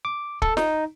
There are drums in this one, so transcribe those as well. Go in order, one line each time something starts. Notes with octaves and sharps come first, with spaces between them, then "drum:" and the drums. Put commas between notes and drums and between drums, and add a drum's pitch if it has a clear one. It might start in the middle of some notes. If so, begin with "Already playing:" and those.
D6
A4, drum: kick
D#4, drum: snare